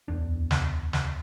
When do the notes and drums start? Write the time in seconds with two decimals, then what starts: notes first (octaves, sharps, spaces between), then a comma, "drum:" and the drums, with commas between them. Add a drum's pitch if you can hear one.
0.08 D1 G1 E2 D4
0.51 drum: snare
0.93 drum: snare